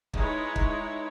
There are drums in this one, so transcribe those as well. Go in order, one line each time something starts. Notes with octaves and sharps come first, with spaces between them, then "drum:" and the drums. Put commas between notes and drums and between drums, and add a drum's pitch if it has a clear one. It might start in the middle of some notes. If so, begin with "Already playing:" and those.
G#3 D#4 E4 B4 C#5, drum: kick
drum: kick